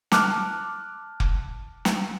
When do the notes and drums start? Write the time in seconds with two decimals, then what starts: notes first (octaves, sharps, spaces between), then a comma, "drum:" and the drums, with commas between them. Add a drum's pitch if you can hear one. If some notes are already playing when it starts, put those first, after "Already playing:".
0.12 A5 D6 F6 F#6, drum: snare
1.20 drum: kick F1
1.85 drum: snare